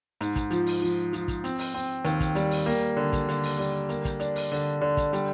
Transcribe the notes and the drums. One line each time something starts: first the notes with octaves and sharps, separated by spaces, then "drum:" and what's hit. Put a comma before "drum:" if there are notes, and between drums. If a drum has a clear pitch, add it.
G#2, drum: hi-hat
drum: kick, hi-hat
F3, drum: hi-hat
drum: open hi-hat
F3
F3, drum: hi-hat
drum: kick, hi-hat
C4, drum: hi-hat
drum: open hi-hat
C4
D#2, drum: hi-hat
drum: kick, hi-hat
G3, drum: hi-hat
drum: open hi-hat
A#3
D3
drum: kick, hi-hat
D3, drum: hi-hat
drum: open hi-hat
G3
A#3, drum: hi-hat
drum: kick, hi-hat
D4, drum: hi-hat
drum: open hi-hat
D3
D3
drum: kick, hi-hat
G3, drum: hi-hat